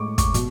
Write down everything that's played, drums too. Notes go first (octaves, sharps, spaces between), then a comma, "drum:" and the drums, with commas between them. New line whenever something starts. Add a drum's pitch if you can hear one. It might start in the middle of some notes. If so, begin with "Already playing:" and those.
Already playing: A2 G#3 C#6 D6
C#6, drum: kick, hi-hat
B2, drum: hi-hat